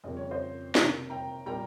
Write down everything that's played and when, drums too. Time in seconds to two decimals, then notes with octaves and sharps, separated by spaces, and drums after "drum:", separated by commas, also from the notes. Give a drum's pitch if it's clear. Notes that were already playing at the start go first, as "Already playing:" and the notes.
0.04 F2 C#3 G3 A#3 D#5
0.17 C#5
0.31 C5 D#5
0.75 C3 D#3 A#3, drum: snare
1.10 G5 A#5
1.46 A#2 G3 A#3 G5 A#5